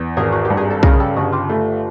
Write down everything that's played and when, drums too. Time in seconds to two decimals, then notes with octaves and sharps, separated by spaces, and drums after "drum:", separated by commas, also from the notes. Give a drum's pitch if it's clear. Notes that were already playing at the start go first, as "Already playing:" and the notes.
Already playing: E2
0.17 G#1 G#4 A#4
0.32 F#4
0.45 G4
0.50 G2
0.57 G#4
0.70 A4
0.83 C#3 G#4 A#4, drum: kick
0.93 G#4
1.00 G4 A4
1.16 G1 F#4 G#4
1.32 F4 G4
1.49 A3